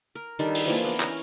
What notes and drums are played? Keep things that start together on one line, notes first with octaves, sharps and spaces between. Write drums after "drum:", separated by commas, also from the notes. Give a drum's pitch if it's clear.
A#4
D#3 G3 D4 A4
drum: open hi-hat
E3 F3 A#3
B3 A#4
C#4 A#5, drum: clap